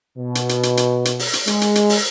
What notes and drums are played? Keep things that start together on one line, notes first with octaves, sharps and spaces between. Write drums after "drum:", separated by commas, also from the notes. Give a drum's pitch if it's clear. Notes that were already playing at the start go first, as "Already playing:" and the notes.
B2
drum: hi-hat
drum: hi-hat
drum: hi-hat
drum: hi-hat
drum: hi-hat
drum: open hi-hat
drum: hi-hat
G#3, drum: hi-hat
drum: hi-hat
drum: hi-hat
drum: open hi-hat